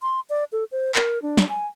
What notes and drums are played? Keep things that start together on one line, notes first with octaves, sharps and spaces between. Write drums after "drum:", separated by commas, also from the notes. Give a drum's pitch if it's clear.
C6
D5
A4
C5
A#4, drum: clap
D4
drum: snare
G#5